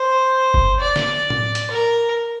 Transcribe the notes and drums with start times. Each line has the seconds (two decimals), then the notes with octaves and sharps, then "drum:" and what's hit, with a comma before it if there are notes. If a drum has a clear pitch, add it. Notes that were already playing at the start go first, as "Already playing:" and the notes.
Already playing: C5
0.54 drum: kick F#1
0.80 D5
0.96 drum: snare
1.30 drum: tom A2
1.55 drum: hi-hat
1.70 A#4